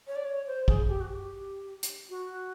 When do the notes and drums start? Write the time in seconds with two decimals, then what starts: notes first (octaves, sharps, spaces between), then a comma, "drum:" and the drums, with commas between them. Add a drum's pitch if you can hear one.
0.07 C#5
0.16 D5
0.25 C#5
0.47 C5
0.68 G#4, drum: kick
0.88 G4
1.01 F#4
1.09 G4
1.83 drum: hi-hat
2.10 F#4